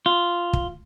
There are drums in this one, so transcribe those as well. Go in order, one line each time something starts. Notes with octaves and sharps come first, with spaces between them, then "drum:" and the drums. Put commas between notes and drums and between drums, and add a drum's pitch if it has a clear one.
F4
drum: kick